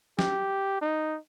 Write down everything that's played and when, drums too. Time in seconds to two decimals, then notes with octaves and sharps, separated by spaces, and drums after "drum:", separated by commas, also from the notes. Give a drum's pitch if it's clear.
0.19 G4, drum: snare
0.81 D#4